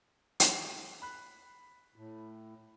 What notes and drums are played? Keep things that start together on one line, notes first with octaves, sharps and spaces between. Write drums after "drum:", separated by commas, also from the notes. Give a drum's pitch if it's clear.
drum: hi-hat
B5 F#6
A2